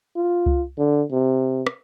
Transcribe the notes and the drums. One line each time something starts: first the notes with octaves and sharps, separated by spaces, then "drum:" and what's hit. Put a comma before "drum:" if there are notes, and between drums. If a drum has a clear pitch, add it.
F4
drum: kick C#2
D3
C3
drum: rim click